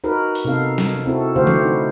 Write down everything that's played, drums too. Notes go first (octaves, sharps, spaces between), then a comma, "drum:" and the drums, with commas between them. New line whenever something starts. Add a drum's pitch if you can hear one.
D#4 F#4 A#4 B4
drum: open hi-hat
C3 B3 D#4 A4 F5
drum: snare
C4 E4 F#4 A4
D3 A3 F#4 G4 C5 F5
drum: tom E3
D#4 B4